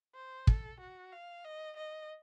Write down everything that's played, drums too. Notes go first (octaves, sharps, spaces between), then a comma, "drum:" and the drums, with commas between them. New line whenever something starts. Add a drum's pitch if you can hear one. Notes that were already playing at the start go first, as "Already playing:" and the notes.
C5
A4, drum: kick
F#4
F5
D#5
D#5